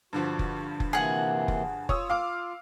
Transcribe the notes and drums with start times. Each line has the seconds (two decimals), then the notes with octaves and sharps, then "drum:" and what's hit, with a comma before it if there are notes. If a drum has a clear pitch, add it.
0.13 G2 D3 F3 F#4
0.39 drum: kick F1
0.80 drum: kick F1
0.93 C3 E3 A#3 G#4 F#5
1.48 drum: kick F1
1.89 F4 C#5 D#6 E6, drum: kick F1
2.10 F5 D6 F6